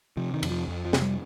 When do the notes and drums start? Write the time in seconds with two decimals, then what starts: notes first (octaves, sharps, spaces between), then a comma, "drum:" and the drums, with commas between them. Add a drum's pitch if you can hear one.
0.17 C3 F3
0.34 D#3
0.43 F2, drum: cymbal
0.50 F3
0.68 F2
0.85 F3
0.93 C3, drum: snare
1.02 G3